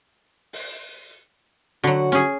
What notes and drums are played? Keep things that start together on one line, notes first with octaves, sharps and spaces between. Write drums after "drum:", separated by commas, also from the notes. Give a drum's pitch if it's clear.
drum: open hi-hat
D3 F#3 F#4
C#4 G#4, drum: snare